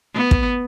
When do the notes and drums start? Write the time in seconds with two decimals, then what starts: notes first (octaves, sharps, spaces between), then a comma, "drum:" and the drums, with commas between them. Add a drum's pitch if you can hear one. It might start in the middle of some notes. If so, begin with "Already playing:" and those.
0.14 B3
0.31 drum: kick